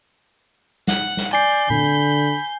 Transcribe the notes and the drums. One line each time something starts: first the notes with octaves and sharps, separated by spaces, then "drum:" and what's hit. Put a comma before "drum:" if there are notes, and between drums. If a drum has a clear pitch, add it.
F#5, drum: snare
drum: snare
D5 G#5 G6 C7
D3 B5, drum: tom A#2